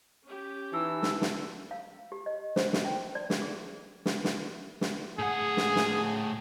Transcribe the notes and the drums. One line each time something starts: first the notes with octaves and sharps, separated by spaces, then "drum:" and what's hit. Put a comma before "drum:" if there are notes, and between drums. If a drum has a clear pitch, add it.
C#4 G4
E3 D#4 E4 A5 E6
drum: snare
drum: snare
F5
G4
D#5
C5, drum: snare
drum: snare
G5
D5
drum: snare
G#4
drum: snare
drum: snare
drum: snare
A2 G#4 F#5
drum: snare
drum: snare